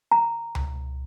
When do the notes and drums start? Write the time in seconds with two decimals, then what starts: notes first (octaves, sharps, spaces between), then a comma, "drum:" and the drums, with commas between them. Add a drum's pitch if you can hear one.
0.12 A#5
0.55 drum: tom C#2